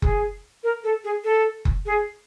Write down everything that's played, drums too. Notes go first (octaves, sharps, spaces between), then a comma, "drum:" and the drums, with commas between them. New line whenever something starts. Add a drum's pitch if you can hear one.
G#4, drum: kick F#1
A#4
A4
G#4
A4
drum: kick F#1
G#4